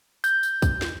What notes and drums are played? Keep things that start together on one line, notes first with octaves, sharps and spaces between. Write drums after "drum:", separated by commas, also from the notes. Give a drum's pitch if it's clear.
G6, drum: tambourine
drum: tambourine
drum: kick, tambourine
drum: snare